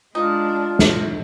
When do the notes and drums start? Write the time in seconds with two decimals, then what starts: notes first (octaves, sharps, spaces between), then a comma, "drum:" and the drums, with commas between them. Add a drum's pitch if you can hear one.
0.15 G#3 D4 D#4 F4
0.79 drum: snare